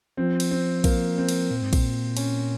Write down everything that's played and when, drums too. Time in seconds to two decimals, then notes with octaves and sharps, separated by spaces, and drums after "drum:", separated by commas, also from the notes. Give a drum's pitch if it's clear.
0.17 F3 C4
0.40 drum: cymbal
0.51 C4
0.84 A#3, drum: kick A#1, cymbal
1.18 C4
1.29 drum: cymbal
1.51 A#2
1.62 G#2
1.73 A#2, drum: kick A#1, cymbal
2.17 C#4, drum: cymbal